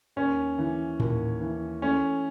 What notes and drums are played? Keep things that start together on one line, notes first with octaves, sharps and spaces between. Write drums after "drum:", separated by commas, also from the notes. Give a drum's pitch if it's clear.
D#2 C#4
E3
D#2, drum: tom A2
E3
A3 C#4